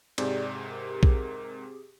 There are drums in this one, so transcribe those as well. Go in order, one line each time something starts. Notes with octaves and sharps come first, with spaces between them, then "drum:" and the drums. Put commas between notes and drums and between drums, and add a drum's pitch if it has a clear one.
G#2 C3 C4 G4 G#4 D5, drum: cymbal
A#4
drum: kick A#1